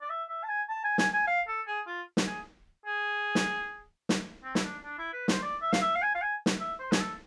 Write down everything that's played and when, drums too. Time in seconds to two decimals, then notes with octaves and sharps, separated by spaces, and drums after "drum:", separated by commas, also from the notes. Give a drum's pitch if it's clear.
0.01 D5
0.10 E5
0.29 E5
0.43 A5
0.49 G#5
0.69 A5
0.84 G#5
0.98 G#5, drum: snare
1.13 G#5
1.27 F5
1.48 A4
1.67 G#4
1.87 F4
2.17 drum: snare
2.26 G#4
2.85 G#4
3.35 drum: snare
4.09 drum: snare
4.44 C4
4.55 E4, drum: snare
4.64 D4
4.83 D4
4.99 E4
5.13 B4
5.28 C5, drum: snare
5.43 D5
5.62 E5
5.73 F5, drum: snare
5.82 E5
5.96 F5
6.02 G#5
6.15 F5
6.22 G#5
6.46 drum: snare
6.60 E5
6.80 C5
6.92 G#4, drum: snare
7.00 A4